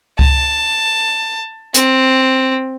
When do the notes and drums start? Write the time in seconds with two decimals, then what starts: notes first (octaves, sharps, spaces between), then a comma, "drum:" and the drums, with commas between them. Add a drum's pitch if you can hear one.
0.19 A5, drum: kick C#2
1.74 C4, drum: hi-hat